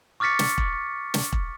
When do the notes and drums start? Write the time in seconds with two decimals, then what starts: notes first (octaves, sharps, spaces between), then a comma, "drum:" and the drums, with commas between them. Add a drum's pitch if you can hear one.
0.20 C#6 D6 F6 A6 B6 C#7
0.39 drum: snare
0.58 drum: kick E1
1.14 drum: snare
1.33 drum: kick E1